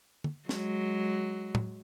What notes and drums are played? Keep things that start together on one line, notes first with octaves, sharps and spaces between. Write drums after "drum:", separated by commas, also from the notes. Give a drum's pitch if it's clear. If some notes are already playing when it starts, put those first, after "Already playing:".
drum: tom
F#3 G#3, drum: snare
drum: tom